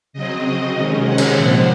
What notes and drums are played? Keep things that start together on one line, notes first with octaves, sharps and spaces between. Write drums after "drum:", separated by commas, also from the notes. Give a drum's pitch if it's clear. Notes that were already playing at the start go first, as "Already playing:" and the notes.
C#3 F#3 C4 D#5
C3 D#3 G#3 C#4
F#5
drum: cymbal
A#2 F3 C4 F#5